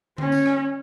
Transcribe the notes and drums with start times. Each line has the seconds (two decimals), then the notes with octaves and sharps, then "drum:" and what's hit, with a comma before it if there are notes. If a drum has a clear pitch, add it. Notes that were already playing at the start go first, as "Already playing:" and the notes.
0.18 C#4, drum: tom D3
0.32 drum: tambourine
0.46 drum: rim click